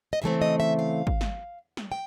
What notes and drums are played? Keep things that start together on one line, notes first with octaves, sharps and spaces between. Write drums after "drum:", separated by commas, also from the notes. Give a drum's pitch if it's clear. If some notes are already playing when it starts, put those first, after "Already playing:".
D#5
C#3 E3 A3 C4 E5
D#5
E5
F5
drum: kick G#1
drum: snare
drum: snare
G5